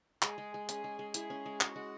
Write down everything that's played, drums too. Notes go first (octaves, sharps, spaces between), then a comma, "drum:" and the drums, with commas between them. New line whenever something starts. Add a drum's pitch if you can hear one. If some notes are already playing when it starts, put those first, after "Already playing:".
G#3 G#4, drum: clap
G#3
G#3
C#4 G#4, drum: hi-hat
G#3
G#3
E4 G#4, drum: hi-hat
C#4
G#3
G#3 F#4, drum: clap
G#3